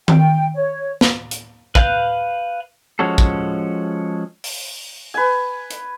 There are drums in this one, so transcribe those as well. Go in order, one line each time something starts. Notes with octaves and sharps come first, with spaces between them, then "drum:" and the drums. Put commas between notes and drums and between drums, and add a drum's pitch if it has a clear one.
G5, drum: tom D#3
C#5
drum: snare
drum: hi-hat
B4 F5 F#6 G6, drum: kick
F3 G#3 C#4 F#4 A4
drum: kick
drum: open hi-hat
B4 G#5
drum: hi-hat